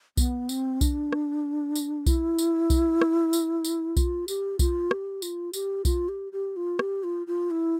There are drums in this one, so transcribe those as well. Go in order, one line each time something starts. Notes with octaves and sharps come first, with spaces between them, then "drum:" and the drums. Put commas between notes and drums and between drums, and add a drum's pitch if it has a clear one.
B3, drum: kick B1, tambourine
C4, drum: tambourine
D4, drum: kick B1, tambourine
drum: rim click
drum: tambourine
E4, drum: kick B1, tambourine
drum: tambourine
drum: kick B1, tambourine
drum: rim click
drum: tambourine
drum: tambourine
F4, drum: kick B1, tambourine
G4, drum: tambourine
F4, drum: kick B1, tambourine
G4, drum: rim click
F4, drum: tambourine
G4, drum: tambourine
F4, drum: kick B1, tambourine
G4
G4
F4
G4, drum: rim click
F4
F4
E4